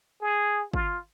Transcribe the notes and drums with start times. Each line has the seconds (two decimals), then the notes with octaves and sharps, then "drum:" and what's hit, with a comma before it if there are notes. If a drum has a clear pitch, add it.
0.21 G#4
0.74 F4, drum: kick G#1